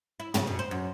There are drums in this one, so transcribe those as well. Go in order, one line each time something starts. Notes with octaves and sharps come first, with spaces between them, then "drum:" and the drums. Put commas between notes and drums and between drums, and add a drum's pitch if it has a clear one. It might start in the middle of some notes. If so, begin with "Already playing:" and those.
E4
C#3, drum: tom
B2
C5
F#2